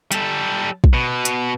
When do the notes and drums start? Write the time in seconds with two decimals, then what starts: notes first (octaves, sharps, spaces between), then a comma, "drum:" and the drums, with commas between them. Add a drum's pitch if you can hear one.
0.12 G3 A4, drum: hi-hat
0.84 drum: kick
0.94 B2
1.25 drum: hi-hat